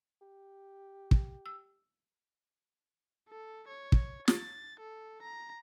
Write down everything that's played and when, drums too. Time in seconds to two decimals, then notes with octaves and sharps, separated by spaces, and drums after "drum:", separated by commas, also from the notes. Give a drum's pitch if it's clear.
0.21 G4
1.11 drum: kick
1.46 E6
3.28 A4
3.68 C#5
3.92 drum: kick
4.28 A6, drum: snare
4.79 A4
5.22 A#5